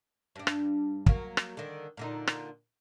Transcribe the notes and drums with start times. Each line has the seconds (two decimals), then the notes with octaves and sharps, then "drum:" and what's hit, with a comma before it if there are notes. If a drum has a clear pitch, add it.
0.36 G2 D4
0.47 drum: rim click
1.06 F#3 A#3, drum: kick
1.37 drum: rim click
1.57 D3 D#3
1.97 A#2 D3 D#4
2.27 drum: rim click